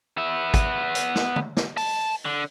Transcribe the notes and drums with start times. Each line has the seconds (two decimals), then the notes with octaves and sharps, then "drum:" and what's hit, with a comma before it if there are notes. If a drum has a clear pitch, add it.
0.18 B3 E5
0.54 drum: kick, hi-hat
0.95 drum: hi-hat
1.15 drum: snare
1.36 drum: tom
1.57 drum: snare
1.77 A5, drum: open hi-hat
2.25 D3